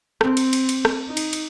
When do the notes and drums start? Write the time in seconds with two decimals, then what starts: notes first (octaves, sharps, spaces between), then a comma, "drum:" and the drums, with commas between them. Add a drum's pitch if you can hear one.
0.21 C4, drum: rim click
0.37 drum: cymbal
0.53 drum: cymbal
0.69 drum: cymbal
0.85 drum: rim click
1.08 D#4
1.17 drum: cymbal
1.33 drum: cymbal